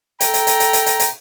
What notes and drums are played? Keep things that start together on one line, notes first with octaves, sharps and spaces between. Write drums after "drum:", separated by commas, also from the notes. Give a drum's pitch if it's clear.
A4 G5 A#5, drum: hi-hat
drum: hi-hat
drum: hi-hat
drum: hi-hat
drum: hi-hat
drum: hi-hat
drum: hi-hat